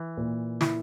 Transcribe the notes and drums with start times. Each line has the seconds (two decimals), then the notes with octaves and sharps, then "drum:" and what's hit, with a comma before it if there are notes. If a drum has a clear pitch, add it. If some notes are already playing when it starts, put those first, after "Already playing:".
Already playing: E3
0.17 A#2
0.61 E4, drum: snare